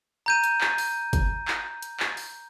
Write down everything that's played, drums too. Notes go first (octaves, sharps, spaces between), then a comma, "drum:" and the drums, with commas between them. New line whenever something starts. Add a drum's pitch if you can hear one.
A#5 G6 D#7
drum: hi-hat
drum: clap
drum: open hi-hat
drum: kick G1, hi-hat
drum: clap
drum: hi-hat
drum: clap
drum: open hi-hat